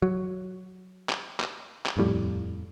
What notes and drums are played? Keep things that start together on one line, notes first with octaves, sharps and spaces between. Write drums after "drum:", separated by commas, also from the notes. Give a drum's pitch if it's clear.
F#3
drum: clap
drum: clap
drum: clap
D#1 F2 A2 G3